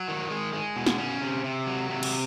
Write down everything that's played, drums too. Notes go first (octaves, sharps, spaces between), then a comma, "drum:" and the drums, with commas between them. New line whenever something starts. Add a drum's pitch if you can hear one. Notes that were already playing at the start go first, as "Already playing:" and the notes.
Already playing: F#3
D#3
G#3
G#3
B2
drum: snare
C#4
C3
C3
F#3
C3
drum: cymbal